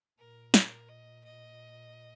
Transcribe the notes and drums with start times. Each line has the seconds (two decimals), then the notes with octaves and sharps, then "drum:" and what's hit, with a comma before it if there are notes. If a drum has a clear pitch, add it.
0.19 A#2 A#4
0.54 A#4, drum: snare
0.89 D#5
1.25 D#5